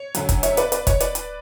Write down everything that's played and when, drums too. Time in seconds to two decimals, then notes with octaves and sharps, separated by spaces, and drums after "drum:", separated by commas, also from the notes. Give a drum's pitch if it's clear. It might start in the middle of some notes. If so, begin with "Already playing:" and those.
Already playing: C#5
0.15 F#2 D3 F#3, drum: hi-hat
0.29 drum: kick E1, hi-hat
0.43 C#5 E5, drum: hi-hat
0.57 B4 D5, drum: hi-hat
0.72 B4 D5, drum: hi-hat
0.87 C#5, drum: kick E1, hi-hat
1.00 B4 D5, drum: hi-hat
1.15 drum: hi-hat